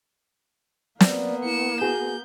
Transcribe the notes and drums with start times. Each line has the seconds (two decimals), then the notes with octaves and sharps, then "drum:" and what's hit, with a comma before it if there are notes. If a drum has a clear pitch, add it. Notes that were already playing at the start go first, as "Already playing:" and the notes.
1.00 A#3 B3 D5, drum: snare
1.44 E4 C#7 E7
1.82 F#4 G#4 G6